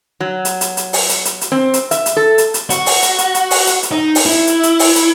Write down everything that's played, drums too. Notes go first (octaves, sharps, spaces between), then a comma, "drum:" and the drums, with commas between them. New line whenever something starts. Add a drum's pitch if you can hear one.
F#3
drum: hi-hat
drum: hi-hat
drum: hi-hat
drum: open hi-hat
drum: hi-hat
drum: hi-hat
drum: hi-hat
C4
drum: hi-hat
E5, drum: hi-hat
drum: hi-hat
A4
drum: hi-hat
drum: hi-hat
F#4, drum: hi-hat
drum: open hi-hat
drum: hi-hat
drum: hi-hat
drum: hi-hat
drum: open hi-hat
drum: hi-hat
drum: hi-hat
D#4
drum: open hi-hat
E4
drum: hi-hat
drum: hi-hat
drum: open hi-hat
drum: hi-hat